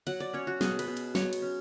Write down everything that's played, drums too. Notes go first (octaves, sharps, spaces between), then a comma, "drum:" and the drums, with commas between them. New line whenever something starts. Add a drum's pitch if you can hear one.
F#3 F#5, drum: cymbal
D5
C#4 C#5
F#4
B2 G#4, drum: snare
B4, drum: cymbal
B2
drum: cymbal
F#3 C#5, drum: snare
drum: cymbal
C#4